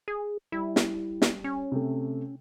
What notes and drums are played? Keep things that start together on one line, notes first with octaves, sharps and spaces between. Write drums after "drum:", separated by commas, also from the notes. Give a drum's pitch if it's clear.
G#4
G3 E4
drum: snare
drum: snare
C#4
C3 A3